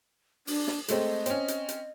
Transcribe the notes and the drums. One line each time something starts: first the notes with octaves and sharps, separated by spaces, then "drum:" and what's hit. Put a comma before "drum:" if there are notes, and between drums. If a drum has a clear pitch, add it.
D4, drum: open hi-hat
drum: snare
G#3 A3 C4 D#5, drum: hi-hat
C4 C#4, drum: hi-hat
drum: hi-hat
drum: hi-hat